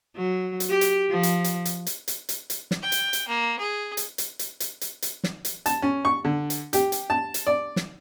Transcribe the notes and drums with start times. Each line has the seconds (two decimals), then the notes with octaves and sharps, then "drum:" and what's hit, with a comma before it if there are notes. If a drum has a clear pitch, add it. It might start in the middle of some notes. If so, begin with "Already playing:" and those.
0.16 F#3
0.60 drum: hi-hat
0.70 G4
0.81 drum: hi-hat
1.10 F3
1.23 drum: hi-hat
1.44 drum: hi-hat
1.65 drum: hi-hat
1.87 drum: hi-hat
2.08 drum: hi-hat
2.29 drum: hi-hat
2.50 drum: hi-hat
2.71 drum: snare
2.83 G5
2.92 drum: hi-hat
3.13 drum: hi-hat
3.28 A#3
3.59 G#4
3.97 drum: hi-hat
4.18 drum: hi-hat
4.39 drum: hi-hat
4.60 drum: hi-hat
4.81 drum: hi-hat
5.02 drum: hi-hat
5.24 drum: snare
5.45 drum: hi-hat
5.66 A5, drum: hi-hat
5.82 C#4
6.05 C#6
6.25 D3
6.50 drum: hi-hat
6.73 G4, drum: hi-hat
6.92 drum: hi-hat
7.10 A5
7.34 drum: hi-hat
7.47 D5
7.76 drum: snare